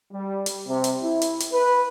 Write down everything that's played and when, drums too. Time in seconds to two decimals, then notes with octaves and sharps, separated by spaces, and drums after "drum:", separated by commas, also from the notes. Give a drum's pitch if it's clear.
0.13 G3
0.46 drum: hi-hat
0.68 C3
0.84 drum: hi-hat
1.03 E4
1.21 drum: hi-hat
1.40 drum: hi-hat
1.53 B4